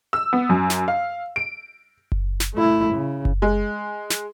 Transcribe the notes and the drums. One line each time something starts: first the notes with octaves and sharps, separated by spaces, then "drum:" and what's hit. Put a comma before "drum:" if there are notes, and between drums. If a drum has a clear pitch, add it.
E6
B3
F#2
drum: snare
F5
D7
drum: kick F#1
drum: snare
A3 E4
C#3
drum: kick F#1
G#3
drum: snare